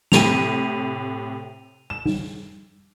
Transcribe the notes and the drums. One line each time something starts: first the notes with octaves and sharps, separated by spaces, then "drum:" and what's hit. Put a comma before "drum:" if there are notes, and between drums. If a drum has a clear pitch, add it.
A2 C3 D#7 F7, drum: snare
E7
drum: tom